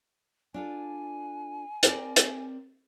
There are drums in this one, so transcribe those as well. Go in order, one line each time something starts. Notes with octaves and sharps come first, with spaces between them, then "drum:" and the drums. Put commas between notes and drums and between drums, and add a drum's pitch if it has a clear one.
D4 F4 A4 G#5
C4 A#4 D5, drum: hi-hat
drum: hi-hat